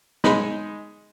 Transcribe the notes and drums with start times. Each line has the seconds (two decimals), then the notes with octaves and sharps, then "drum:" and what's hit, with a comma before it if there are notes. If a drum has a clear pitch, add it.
0.24 G#3 D#4 B5, drum: snare